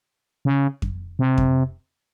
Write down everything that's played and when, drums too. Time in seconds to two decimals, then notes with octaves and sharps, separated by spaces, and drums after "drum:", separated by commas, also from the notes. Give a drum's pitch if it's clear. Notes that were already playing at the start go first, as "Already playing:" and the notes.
0.45 C#3
0.82 drum: kick F2
1.19 C3
1.38 drum: kick F2